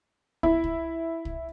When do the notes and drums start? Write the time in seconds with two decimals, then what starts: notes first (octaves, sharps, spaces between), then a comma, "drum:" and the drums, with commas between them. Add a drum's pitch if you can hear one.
0.43 E4, drum: kick
0.64 drum: kick
1.25 drum: kick